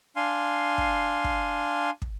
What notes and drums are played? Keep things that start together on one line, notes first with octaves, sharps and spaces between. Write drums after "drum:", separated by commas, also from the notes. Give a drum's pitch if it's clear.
D4 F5 G#5 C6
drum: kick
drum: kick
drum: kick